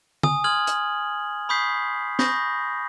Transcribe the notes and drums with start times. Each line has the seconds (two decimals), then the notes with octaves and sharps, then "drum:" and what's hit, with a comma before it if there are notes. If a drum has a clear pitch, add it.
0.23 G#5 D#6, drum: tom D3
0.44 C6 D#6 F6 G#6 F#7
0.67 drum: hi-hat
1.49 B5 C#6 D#6 G6 B6 C7
2.19 B5 C#6 D#6 G6 A#6, drum: snare C4